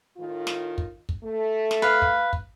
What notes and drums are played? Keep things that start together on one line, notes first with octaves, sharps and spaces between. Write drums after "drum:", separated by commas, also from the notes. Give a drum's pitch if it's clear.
A2 D#3 F4
drum: snare
drum: kick
drum: kick
A3
drum: snare
B4 F5
drum: kick
drum: kick